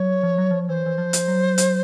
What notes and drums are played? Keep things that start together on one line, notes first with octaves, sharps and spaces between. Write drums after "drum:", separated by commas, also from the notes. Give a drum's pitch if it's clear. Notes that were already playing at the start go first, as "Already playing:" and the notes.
Already playing: F#3 C#5
F3
F#3
F3
E3 C5
E3
F3
drum: hi-hat
F#3
drum: hi-hat